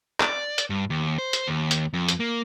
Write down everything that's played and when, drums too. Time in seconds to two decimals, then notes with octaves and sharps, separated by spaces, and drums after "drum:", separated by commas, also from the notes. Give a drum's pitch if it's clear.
0.20 D5, drum: clap
0.58 drum: hi-hat
0.70 G2
0.90 D#2
1.18 C5
1.33 drum: hi-hat
1.48 D#2
1.71 drum: hi-hat
1.93 F2
2.09 drum: hi-hat
2.20 A#3